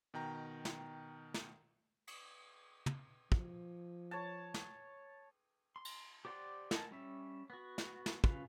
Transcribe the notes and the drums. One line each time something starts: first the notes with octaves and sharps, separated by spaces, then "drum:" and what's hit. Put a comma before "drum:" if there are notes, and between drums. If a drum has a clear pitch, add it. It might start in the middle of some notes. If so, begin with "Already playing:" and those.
B2 D#3 G5 A#5
drum: snare
drum: snare
drum: cymbal
drum: tom
F3, drum: kick
C#5 A5
drum: snare
C6
drum: cymbal
G4 C5 D5 F#5 C6
A#4 D#5 F#5 G#5 A5, drum: snare
G3 C#4 E5
B3 F#4
drum: snare
drum: snare
C#3 A#3 C#4 F4 B4, drum: kick